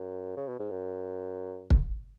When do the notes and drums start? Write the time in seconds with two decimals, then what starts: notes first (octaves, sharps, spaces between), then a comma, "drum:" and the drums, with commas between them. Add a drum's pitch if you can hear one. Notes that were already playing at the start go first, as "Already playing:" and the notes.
Already playing: F#2
0.36 C#3
0.48 B2
0.59 G#2
0.70 F#2
1.70 drum: kick